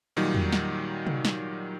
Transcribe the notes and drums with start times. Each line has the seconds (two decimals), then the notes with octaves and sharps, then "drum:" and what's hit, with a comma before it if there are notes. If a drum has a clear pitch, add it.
0.16 A#2 D#3 F#3 G3 D#4
0.34 drum: tom E2
0.53 drum: snare
1.07 drum: tom C3
1.25 drum: snare